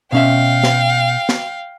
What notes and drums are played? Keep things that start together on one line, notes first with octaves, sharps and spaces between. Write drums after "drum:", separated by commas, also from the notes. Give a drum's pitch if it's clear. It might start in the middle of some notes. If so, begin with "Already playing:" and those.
B2 C#4 E5 F5 G5
drum: snare
drum: snare